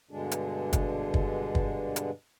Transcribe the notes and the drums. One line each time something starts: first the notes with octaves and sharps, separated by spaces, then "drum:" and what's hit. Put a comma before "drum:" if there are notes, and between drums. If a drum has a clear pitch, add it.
G2 B2 D3 G#3 D4
drum: hi-hat
drum: kick, hi-hat
drum: kick
drum: kick
drum: hi-hat